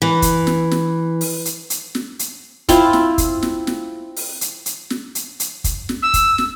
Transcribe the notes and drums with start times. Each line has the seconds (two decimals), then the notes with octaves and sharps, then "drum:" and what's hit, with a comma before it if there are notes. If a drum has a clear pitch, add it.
0.02 E3
0.22 drum: kick, hi-hat
0.47 drum: snare
0.71 drum: snare
1.21 drum: open hi-hat
1.45 drum: hi-hat
1.70 drum: hi-hat
1.95 drum: snare
2.19 drum: hi-hat
2.69 C4 E4 F4, drum: kick, hi-hat
2.93 drum: snare
3.18 drum: kick, hi-hat
3.43 drum: snare
3.67 drum: snare
4.16 drum: open hi-hat
4.41 drum: hi-hat
4.66 drum: hi-hat
4.90 drum: snare
5.15 drum: hi-hat
5.40 drum: hi-hat
5.64 drum: kick, hi-hat
5.89 drum: snare
6.03 E6
6.14 drum: kick, hi-hat
6.38 drum: snare